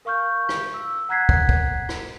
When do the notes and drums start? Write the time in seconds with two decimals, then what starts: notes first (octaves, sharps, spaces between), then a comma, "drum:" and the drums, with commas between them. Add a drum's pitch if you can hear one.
0.05 A#4 F5 C#6 F6 G6
0.49 drum: rim click
0.74 E6
1.09 F#5 A#5 F#6 G#6 B6 C7
1.29 drum: kick
1.49 drum: kick
1.89 drum: rim click